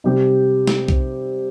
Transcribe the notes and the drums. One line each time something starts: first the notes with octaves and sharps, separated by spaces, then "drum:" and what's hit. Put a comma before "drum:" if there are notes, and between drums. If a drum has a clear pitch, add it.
C3 G3 C4 G4
drum: snare
drum: kick B1